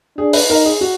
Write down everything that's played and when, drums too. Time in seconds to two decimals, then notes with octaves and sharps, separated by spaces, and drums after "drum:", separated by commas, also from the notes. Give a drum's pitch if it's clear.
0.18 D4 G#4
0.33 B4, drum: open hi-hat
0.49 D#4 A#4
0.65 G#4
0.81 F#4